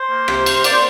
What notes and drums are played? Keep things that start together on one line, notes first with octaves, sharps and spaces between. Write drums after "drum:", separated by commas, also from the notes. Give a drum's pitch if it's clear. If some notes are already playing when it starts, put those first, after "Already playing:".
Already playing: C5
A#3
C3, drum: rim click
A#3, drum: cymbal
A#3 D5, drum: cymbal
C5